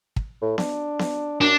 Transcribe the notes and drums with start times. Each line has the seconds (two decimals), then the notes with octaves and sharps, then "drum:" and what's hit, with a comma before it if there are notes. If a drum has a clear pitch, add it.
0.16 drum: kick
0.41 A2
0.58 D4, drum: snare B3
0.99 drum: snare B3
1.41 F#2 D4